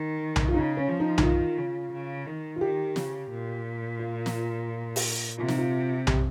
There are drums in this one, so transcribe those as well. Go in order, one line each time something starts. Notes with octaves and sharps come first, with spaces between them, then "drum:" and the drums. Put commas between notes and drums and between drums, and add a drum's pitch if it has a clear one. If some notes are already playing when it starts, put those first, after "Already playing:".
Already playing: D#3
drum: tom B1
F4
C#3 D#4
C#4
F3
D#4
D#4, drum: tom B1
D#3 F4
C#3
C#3
D#3
F4
D#3 G4
C#3, drum: snare
A#2
F4
drum: snare
drum: open hi-hat
C3 F4
D#4, drum: snare
F4
G4, drum: tom B1